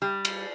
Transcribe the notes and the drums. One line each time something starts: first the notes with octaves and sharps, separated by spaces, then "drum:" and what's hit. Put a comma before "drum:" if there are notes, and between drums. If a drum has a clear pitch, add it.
G3
drum: cymbal